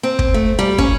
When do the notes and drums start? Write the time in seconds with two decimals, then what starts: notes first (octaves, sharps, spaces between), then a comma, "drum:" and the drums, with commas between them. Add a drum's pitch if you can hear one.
0.03 C4
0.19 drum: kick
0.34 A3
0.59 G3
0.78 C#4, drum: kick